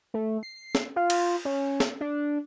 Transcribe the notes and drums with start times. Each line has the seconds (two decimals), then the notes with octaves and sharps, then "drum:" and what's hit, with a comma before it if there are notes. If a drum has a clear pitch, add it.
0.14 A3
0.43 C7
0.75 drum: snare
0.96 F4
1.10 drum: cymbal
1.45 C#4
1.80 drum: snare
2.01 D4